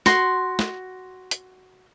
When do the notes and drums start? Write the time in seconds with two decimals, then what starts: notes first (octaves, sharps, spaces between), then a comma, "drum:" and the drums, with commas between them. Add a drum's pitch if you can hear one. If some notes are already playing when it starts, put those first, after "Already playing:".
0.06 F#4 C6, drum: snare
0.59 drum: snare
1.31 drum: hi-hat